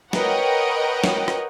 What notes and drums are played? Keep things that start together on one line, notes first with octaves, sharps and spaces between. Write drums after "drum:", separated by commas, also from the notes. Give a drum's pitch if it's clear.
A#4 B4 C#5 D#5 F#5 G5, drum: snare
drum: snare
drum: rim click